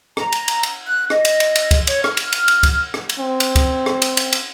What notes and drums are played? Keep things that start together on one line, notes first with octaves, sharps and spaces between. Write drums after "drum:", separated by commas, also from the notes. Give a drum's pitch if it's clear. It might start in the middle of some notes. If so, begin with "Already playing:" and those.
A#5, drum: rim click
drum: cymbal
drum: cymbal
drum: cymbal
F#6
D#5, drum: rim click
drum: cymbal
drum: cymbal
drum: cymbal
drum: kick, cymbal
C#5, drum: cymbal
F6, drum: rim click
drum: cymbal
drum: cymbal
drum: cymbal
drum: kick, cymbal
drum: rim click
drum: cymbal
C4
drum: cymbal
drum: kick, cymbal
drum: rim click
drum: cymbal
drum: cymbal
drum: cymbal